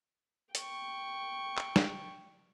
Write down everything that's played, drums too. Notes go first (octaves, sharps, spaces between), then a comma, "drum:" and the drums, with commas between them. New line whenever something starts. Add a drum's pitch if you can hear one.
G5 C#6, drum: hi-hat
drum: clap
drum: snare